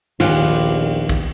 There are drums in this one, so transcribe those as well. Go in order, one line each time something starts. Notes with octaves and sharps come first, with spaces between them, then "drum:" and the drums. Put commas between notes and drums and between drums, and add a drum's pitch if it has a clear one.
A#1 D#2 D#3 B3 F4 G4, drum: cymbal
drum: kick